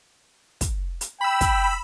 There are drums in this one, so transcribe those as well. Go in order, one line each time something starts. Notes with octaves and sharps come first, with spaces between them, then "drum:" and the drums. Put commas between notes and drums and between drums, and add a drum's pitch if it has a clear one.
drum: kick, hi-hat
drum: hi-hat
G5 B5 E6
drum: kick, hi-hat